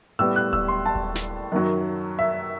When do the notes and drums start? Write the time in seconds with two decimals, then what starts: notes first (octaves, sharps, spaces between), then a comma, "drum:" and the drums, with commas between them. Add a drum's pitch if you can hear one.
0.19 A2 G3 B3 E6
0.36 F#6
0.53 E6, drum: kick D#1
0.68 C6
0.86 A5
0.95 drum: kick D#1
1.15 drum: snare
1.52 F#2 D#3 F#3
2.19 E5